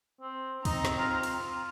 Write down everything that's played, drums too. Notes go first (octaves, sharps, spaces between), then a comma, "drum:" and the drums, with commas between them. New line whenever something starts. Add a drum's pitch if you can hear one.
C4
C4 D#4 A#5, drum: kick, cymbal
drum: snare
F4
drum: cymbal